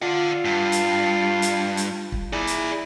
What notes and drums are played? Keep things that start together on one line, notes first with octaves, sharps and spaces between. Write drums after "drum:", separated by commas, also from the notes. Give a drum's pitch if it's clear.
F4 D5 F#5
G2
drum: hi-hat
drum: hi-hat
drum: hi-hat
drum: kick
E4 G#4 D5
drum: hi-hat